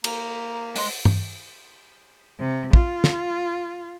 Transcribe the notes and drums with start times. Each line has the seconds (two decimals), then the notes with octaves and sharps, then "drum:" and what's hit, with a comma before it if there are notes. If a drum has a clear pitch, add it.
0.04 A#3 A#5, drum: cymbal
0.76 G#3 D#5 C6, drum: open hi-hat
1.05 drum: tom G2
2.40 C3
2.73 F4, drum: kick
3.04 drum: snare